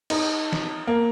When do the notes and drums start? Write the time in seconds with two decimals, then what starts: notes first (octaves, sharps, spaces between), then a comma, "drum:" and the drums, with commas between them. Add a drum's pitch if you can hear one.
0.10 D#4, drum: cymbal
0.53 drum: snare
0.87 A#3